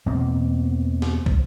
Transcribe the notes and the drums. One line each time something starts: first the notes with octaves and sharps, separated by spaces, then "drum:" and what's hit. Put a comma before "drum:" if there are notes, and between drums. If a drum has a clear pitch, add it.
E2 B2 A#3 C4
drum: snare
drum: kick